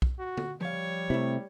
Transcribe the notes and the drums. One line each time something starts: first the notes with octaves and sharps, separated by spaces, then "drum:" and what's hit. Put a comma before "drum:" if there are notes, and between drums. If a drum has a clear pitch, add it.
drum: kick B1
F#4
drum: tom
F3 G3 C#5 F5
C3 A3 E4